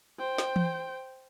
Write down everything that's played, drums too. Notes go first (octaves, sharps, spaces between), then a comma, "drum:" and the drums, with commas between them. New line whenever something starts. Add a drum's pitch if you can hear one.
C5 G5
drum: snare
drum: tom E3